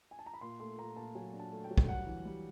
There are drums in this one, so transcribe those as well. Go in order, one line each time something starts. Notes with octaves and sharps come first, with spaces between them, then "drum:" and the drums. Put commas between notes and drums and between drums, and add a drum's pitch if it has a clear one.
G#5
A5
A#5
B5
A#2 C6
A3 C6
A#2 A#5
A#2 A5
F#3 G#5
D4
A5
A3
G5
F#3
G5, drum: kick
G3 F#5
E3
G3